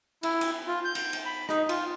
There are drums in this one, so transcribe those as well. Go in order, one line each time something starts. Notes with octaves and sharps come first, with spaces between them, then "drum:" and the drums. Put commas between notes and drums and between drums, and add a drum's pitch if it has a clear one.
E4, drum: cymbal
drum: cymbal
F4
G6
drum: cymbal
drum: cymbal
B5
D#4, drum: rim click
F4, drum: cymbal